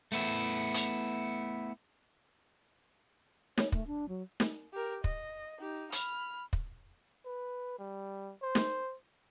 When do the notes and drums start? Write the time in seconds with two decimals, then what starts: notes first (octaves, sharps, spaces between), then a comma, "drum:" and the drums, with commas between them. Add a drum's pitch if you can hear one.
0.12 A3 B3 E4
0.74 drum: hi-hat
3.58 C#5, drum: snare
3.72 A3, drum: kick
3.87 D4
4.09 F#3
4.40 drum: snare
4.73 G4 A#4
5.04 D#5, drum: kick
5.60 D#4 G4
5.92 B5 F6, drum: hi-hat
6.53 drum: kick
7.26 B4
7.79 G3
8.42 C5
8.55 drum: snare